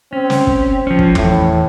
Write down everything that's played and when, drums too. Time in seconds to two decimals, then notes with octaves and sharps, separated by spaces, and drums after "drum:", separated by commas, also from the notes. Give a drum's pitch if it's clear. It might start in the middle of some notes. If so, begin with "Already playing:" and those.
0.13 C4 C#4
0.30 drum: snare
0.47 drum: kick
0.87 F3 C#4
0.99 drum: kick
1.15 E2 A2, drum: tom